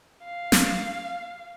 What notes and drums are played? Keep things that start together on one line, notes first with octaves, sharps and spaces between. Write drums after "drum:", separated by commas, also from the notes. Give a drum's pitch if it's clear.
F5
drum: snare